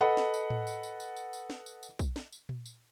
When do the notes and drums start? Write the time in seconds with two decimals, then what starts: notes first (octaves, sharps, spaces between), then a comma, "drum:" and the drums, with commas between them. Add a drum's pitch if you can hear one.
0.01 A4 B4 D#5 F#5 B5
0.17 drum: snare
0.34 drum: tambourine
0.50 drum: tom A2
0.67 drum: tambourine
0.83 drum: tambourine
1.00 drum: tambourine
1.17 drum: tambourine
1.33 drum: tambourine
1.50 drum: snare
1.66 drum: tambourine
1.83 drum: tambourine
1.99 drum: kick B1, tambourine
2.16 drum: snare
2.32 drum: tambourine
2.49 drum: tom A#2
2.66 drum: tambourine